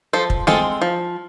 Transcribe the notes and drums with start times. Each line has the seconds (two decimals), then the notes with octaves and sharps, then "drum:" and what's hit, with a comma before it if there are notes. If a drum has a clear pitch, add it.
0.13 F3 A4 C5
0.30 drum: kick
0.47 G#3 C4 F4 A4, drum: snare A3
0.82 F3